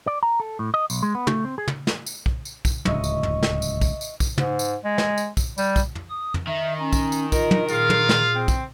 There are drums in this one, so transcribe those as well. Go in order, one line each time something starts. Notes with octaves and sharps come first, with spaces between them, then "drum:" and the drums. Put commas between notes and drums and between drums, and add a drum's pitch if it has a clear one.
D5
A#5
A4
A2
D#5
B1, drum: tambourine
G#3
B3
A3, drum: tom
C4
G#4
drum: tom
drum: snare
drum: tambourine
drum: kick
drum: tambourine
drum: kick, tambourine
D1 C#2 D#5 E5 C#6, drum: tom
drum: tambourine
drum: tom
drum: snare
drum: tambourine
drum: kick, tambourine
drum: tambourine
drum: kick, tambourine
G#2, drum: tom
drum: tambourine
G#3
drum: snare
drum: tambourine
drum: kick, tambourine
G3, drum: tambourine
drum: kick, tambourine
drum: tom
D#6
drum: tom
D#3 E5
C#4 A#5
drum: kick, tambourine
drum: tambourine
F4 A#4 D#5, drum: kick, tambourine
drum: tom
A#2 F4 G#4 F5, drum: tambourine
drum: tom
drum: snare
C4
drum: kick, tambourine